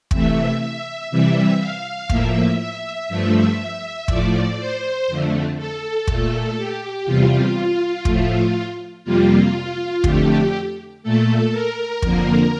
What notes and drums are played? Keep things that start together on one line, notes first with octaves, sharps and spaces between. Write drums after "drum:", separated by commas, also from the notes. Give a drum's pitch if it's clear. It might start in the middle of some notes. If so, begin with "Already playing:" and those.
C3 E3 A3 E5, drum: kick
E5
C3 E3 G3 E5
F5
A2 F3 A#3 E5, drum: kick
E5
G2 F3 A3
A2 F3 A3 D5, drum: kick
C5
F2 D3 A3
A4
A#2 A3, drum: kick
G4
E2 C3 G3 F4
A2 F3 A3, drum: kick
F2 C3 G3 A#3 F4
F2 D3 A3 G4, drum: kick
A#2 A3 A4
A#4
F2 D3 F3 A#3, drum: kick